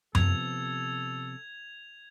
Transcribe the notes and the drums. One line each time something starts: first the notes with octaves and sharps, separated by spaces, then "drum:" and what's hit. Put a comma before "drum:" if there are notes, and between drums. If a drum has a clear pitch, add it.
C3 F3 B3 A4 G#6 F7, drum: tom F#2